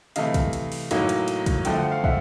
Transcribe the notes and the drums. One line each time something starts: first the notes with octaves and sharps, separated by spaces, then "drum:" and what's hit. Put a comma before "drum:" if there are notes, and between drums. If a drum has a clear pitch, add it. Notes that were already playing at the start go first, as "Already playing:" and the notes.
C3 E3 A3 D#5 F5, drum: hi-hat
drum: kick, hi-hat
drum: hi-hat
drum: open hi-hat
A2 F#3 A#3 D#4, drum: hi-hat
drum: hi-hat
drum: hi-hat
drum: kick, hi-hat
D3 F3 A3 G5, drum: hi-hat
F#5
F5
E5 F#5, drum: kick